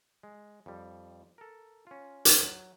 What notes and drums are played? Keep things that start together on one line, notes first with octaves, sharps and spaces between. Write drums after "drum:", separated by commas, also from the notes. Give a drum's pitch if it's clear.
G#3
F2 G3
A4 A#4
C#4 F4
drum: hi-hat
F#3